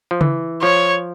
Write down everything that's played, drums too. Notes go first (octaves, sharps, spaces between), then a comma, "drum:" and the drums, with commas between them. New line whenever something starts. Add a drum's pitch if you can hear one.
F3
E3, drum: tom C#3
F3 C#5